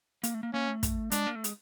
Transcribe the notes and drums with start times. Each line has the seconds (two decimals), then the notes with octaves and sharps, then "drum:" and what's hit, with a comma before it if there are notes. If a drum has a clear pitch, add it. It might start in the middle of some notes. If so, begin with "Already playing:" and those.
0.24 A#3, drum: hi-hat
0.34 A3
0.43 A#3
0.53 A#3 C#4
0.68 A3
0.83 drum: kick, hi-hat
1.11 G#3 D4, drum: hi-hat
1.27 A#3
1.35 A3
1.44 G#3, drum: hi-hat